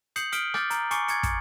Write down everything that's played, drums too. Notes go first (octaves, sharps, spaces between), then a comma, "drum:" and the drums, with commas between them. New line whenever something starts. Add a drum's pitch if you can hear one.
D#6 G6 C7 C#7 F#7, drum: hi-hat
D#6 F6 B6 C7 D7 G7, drum: hi-hat
D6 F6 G6 A6, drum: rim click
A#5, drum: hi-hat
G#5 C#6 D6 A6 C7 C#7, drum: hi-hat
G#6 A6 C#7, drum: hi-hat
drum: kick, hi-hat